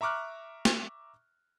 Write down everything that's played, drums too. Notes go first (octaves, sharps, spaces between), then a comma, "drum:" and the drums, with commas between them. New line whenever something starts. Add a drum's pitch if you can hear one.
E5 A#5 C#6 D6 F6 F#6
drum: snare